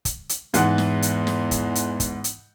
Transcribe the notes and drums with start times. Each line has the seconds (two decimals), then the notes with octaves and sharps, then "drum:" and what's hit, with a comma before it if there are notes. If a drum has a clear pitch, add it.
0.05 drum: kick, hi-hat
0.29 drum: hi-hat
0.54 E2 G#2 E3 F#5, drum: hi-hat
0.78 drum: snare
1.02 drum: hi-hat
1.27 drum: snare
1.51 drum: kick, hi-hat
1.75 drum: hi-hat
2.00 drum: kick, hi-hat
2.24 drum: hi-hat